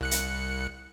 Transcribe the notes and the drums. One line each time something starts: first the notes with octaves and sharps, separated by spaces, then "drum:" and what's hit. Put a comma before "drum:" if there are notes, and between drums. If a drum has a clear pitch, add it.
C2 F#6 C#7
drum: hi-hat